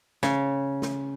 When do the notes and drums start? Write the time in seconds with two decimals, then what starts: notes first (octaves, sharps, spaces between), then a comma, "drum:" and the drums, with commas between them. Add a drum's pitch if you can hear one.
0.23 C#3, drum: snare
0.82 drum: snare